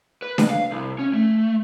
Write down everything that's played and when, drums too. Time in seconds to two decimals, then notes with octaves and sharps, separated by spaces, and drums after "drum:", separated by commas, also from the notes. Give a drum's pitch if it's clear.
0.22 B4
0.38 drum: snare D4
0.50 F5
0.71 C2
0.99 C#4
1.13 A3